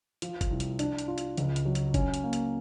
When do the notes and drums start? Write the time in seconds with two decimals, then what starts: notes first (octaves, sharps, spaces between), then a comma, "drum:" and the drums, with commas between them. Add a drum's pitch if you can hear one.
0.22 F3, drum: hi-hat
0.41 drum: kick F#1, hi-hat
0.51 C2
0.60 drum: hi-hat
0.79 D4, drum: hi-hat
0.98 drum: hi-hat
1.08 F4
1.18 drum: hi-hat
1.37 C#2, drum: hi-hat
1.56 drum: hi-hat
1.65 F#3
1.75 drum: hi-hat
1.94 C#4, drum: kick F#1, hi-hat
2.14 drum: hi-hat
2.24 A#3
2.33 drum: hi-hat